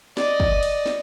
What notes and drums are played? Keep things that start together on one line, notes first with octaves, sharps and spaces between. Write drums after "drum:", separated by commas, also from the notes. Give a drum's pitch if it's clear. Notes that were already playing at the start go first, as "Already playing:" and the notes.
D5 D#5, drum: snare
drum: kick
drum: cymbal
drum: snare